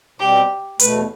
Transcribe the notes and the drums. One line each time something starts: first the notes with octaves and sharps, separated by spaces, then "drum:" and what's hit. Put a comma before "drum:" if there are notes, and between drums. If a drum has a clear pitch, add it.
B2 G3 C4 G4
E2 B2 A3 B4, drum: hi-hat